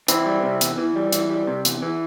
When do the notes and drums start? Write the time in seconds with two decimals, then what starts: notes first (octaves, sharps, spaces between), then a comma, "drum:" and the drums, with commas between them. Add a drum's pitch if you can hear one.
0.08 E3 C4 E4, drum: hi-hat
0.26 G3
0.43 C3
0.61 E2, drum: hi-hat
0.78 E3
0.96 G3
1.13 E3, drum: hi-hat
1.30 G3
1.47 C3
1.65 E2, drum: hi-hat
1.82 E3